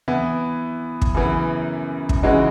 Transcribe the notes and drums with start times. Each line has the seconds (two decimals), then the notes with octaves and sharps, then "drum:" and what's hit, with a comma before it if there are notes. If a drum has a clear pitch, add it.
0.08 E3 B3 E4
1.02 drum: kick
1.14 F#2 C#3 E3 B3
2.09 drum: kick
2.23 C#3 E3 G#3 D#4 F#4